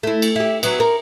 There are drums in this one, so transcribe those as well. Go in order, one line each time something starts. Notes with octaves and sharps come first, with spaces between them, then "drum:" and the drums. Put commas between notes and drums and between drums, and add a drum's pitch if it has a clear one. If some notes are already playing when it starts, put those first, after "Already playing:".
A3 E4
drum: cymbal
E4 G4
F#3 B3, drum: cymbal
A#4